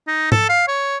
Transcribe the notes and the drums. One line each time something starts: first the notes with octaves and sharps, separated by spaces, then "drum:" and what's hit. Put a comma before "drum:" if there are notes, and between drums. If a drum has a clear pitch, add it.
D#4
A4, drum: tom
F5
C#5